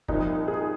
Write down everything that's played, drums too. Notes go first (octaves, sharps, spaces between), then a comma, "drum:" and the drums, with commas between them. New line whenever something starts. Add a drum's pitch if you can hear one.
C2 A#2 F3 D#4, drum: kick
G#4